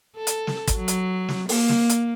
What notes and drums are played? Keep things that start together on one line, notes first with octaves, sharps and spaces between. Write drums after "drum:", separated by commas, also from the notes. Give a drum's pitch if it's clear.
A4
drum: hi-hat
drum: snare
drum: kick, hi-hat
F#3
drum: hi-hat
drum: snare
A#3, drum: open hi-hat
drum: snare
drum: hi-hat